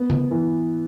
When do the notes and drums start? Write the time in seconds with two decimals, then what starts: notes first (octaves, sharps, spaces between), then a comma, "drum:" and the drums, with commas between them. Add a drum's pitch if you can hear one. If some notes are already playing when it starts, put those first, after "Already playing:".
Already playing: B3
0.10 drum: tom C#3
0.31 E3